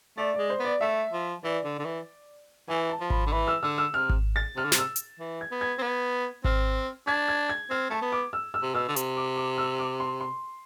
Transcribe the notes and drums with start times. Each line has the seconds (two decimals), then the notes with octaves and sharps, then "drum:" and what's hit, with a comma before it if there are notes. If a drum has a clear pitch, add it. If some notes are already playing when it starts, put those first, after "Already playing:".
0.18 A3 D5
0.34 G#3 D5
0.50 C5
0.60 B3 D5
0.81 A3 E5
1.13 F3
1.43 E3 D5
1.65 D3
1.79 D3
1.85 E3
2.68 E3 G#5
2.90 A5
3.00 F3
3.10 B5, drum: kick G#1
3.27 D3
3.32 E3 B5
3.48 E6
3.63 D3 E6
3.78 E6
3.94 C3 F6
4.09 drum: kick G#1
4.36 A6
4.56 C3 F6
4.65 D3
4.72 C3, drum: snare
4.78 E6
4.96 drum: hi-hat
5.19 E3
5.41 G#6
5.51 B3
5.61 G#6
5.78 C4
5.82 B3
6.45 C4 F6, drum: kick G#1
7.07 D4 G#6
7.28 G#6
7.49 G#6
7.70 C4 F6
7.90 A3 A5
8.02 B3
8.12 D6
8.33 E6
8.54 E6
8.63 C3
8.75 B2 E6
8.88 D3
8.96 C3, drum: hi-hat
9.16 D6
9.37 D6
9.58 E6
9.79 D6
10.00 C6
10.20 C6